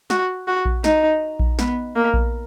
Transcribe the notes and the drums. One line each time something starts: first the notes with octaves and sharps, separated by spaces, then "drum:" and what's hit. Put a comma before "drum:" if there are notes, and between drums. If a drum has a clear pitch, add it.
F#4, drum: snare
F#4
drum: kick A#1
D#4, drum: snare
drum: kick A#1
B3, drum: snare
A#3
drum: kick A#1